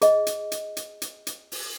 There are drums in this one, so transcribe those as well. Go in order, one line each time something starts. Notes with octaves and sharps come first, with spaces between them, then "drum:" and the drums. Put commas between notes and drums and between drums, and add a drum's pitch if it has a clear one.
G#4 D#5, drum: hi-hat
drum: hi-hat
drum: hi-hat
drum: hi-hat
drum: hi-hat
drum: hi-hat
drum: open hi-hat